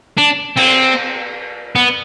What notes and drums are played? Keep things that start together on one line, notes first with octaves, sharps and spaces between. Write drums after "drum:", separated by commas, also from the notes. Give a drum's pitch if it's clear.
D4
C4, drum: cymbal
B3